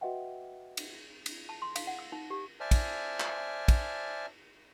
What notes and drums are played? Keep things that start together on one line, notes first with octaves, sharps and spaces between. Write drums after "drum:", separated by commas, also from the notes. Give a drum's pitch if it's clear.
F#4 B4 D#5 E5 F#5 G5
drum: cymbal
drum: cymbal
A5
C6
F5, drum: cymbal
F#5
E6
D#4
G4
C5 D5 E5 G#5 A5 F6
drum: kick, cymbal
drum: clap
drum: kick, cymbal